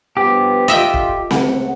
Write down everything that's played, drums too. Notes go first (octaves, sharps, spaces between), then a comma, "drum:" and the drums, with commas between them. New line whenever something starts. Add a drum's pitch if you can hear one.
G2 F3 B3 G4
F4 A4 D#5 E5 G5
drum: kick
C#2 A3 F#5, drum: snare C4